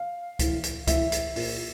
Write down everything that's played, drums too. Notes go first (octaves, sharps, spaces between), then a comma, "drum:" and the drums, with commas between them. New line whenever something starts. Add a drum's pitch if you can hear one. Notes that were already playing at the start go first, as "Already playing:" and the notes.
Already playing: F5
A2 E3, drum: kick C#2, hi-hat
drum: hi-hat
A2 E3 E5, drum: kick C#2, hi-hat
drum: hi-hat
A#2, drum: open hi-hat